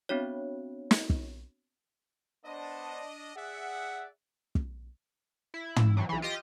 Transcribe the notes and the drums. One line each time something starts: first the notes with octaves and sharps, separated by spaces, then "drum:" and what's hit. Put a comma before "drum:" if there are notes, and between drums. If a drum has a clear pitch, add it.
B3 C4 D4 F#4 C#5
drum: snare
drum: kick
B3 D4 C5 D#5 A5
G#4 D5 E5 F#5
drum: kick
E4
drum: tom
C3 E3 F#3
B1 E3
F4 G4 D#5